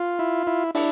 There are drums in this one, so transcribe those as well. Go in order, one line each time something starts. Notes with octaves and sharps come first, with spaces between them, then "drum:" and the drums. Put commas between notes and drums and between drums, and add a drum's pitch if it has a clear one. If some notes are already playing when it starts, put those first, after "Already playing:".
Already playing: F4
E4
E4
D4 E4, drum: open hi-hat